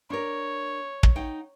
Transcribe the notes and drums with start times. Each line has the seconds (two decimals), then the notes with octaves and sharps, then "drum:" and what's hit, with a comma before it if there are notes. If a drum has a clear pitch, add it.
0.10 D4 A#4 C#5
1.03 drum: kick
1.16 D#4 F#5 G5